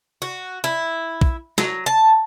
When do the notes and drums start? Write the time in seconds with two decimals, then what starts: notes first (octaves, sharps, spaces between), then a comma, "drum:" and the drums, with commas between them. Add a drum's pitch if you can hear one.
0.22 F#4
0.64 E4
1.21 drum: kick
1.58 F#3, drum: snare
1.86 A5